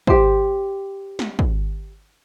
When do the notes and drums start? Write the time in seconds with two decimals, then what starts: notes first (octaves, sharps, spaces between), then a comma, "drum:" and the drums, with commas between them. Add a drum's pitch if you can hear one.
0.07 G4 C5, drum: kick
1.19 drum: snare
1.39 drum: kick